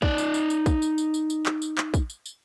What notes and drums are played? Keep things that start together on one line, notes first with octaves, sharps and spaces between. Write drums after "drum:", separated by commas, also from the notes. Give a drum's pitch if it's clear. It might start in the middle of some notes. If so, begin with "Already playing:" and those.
D#4 D5, drum: kick
drum: tambourine
drum: tambourine
drum: tambourine
drum: kick, tambourine
drum: tambourine
drum: tambourine
drum: tambourine
drum: tambourine
drum: clap
drum: tambourine
drum: clap
drum: kick, tambourine
drum: tambourine
drum: tambourine